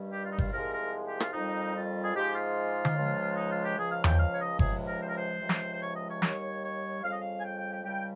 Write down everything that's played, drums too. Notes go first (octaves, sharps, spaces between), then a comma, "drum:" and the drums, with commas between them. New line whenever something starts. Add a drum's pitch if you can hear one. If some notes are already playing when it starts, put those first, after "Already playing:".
Already playing: G2 D#3 G3
G4
F4
D#4
F4, drum: kick G1
C2 C3 F3 G#3 A#4
A#4
G4
F4, drum: rim click
F2 D#3 G3 D#4
F4
G#4
G#2 F3 G#3 G4
F4
drum: tom D3
C#2 C#3 F3 G#3
D#4
F4
G4
C#2 C#3 F3 G#4
F5
G5, drum: tom E2
F5
C#5
D#5
C#2 C3 F3 G#3 G#4, drum: kick G1
A#4
C5
A#4
C5
C#2 C3 F3 G#3
drum: snare
C5
C#5
D#5
C#5
D#2 D#3 G3 C#5, drum: snare
C#5
F2 C#3 G3 F5
D#5
F5
G#5
G5
G5
G5
C#2 C#3 G3 G5